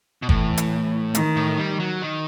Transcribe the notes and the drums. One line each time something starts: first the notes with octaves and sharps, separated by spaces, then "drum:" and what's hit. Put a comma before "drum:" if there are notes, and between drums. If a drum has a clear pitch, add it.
B2
A2 E3, drum: kick
drum: hi-hat
D#3, drum: hi-hat
A2
G3
F#3
D#3